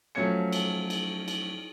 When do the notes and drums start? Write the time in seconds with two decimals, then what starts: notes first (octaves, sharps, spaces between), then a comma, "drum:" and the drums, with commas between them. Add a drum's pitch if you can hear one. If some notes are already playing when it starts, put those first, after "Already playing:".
0.15 F3 F#3 A3 C#4 G#6 C#7
0.53 drum: cymbal
0.90 drum: cymbal
1.28 drum: cymbal